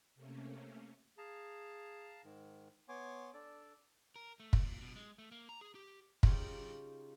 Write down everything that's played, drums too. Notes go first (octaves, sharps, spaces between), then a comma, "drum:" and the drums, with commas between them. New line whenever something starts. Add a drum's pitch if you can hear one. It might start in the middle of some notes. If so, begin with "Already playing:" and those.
C3 A3 A#3 C#4
G#4 F5 A5 A#5
G#2 D#3
B3 C#5 G#5 C6 D6
D4 A4 D5
A#4
A3
drum: kick
A#2
B2
G#3
A3
A#3
A#5
G#4
G4
C#3 D#4 F4 G4 C#5, drum: kick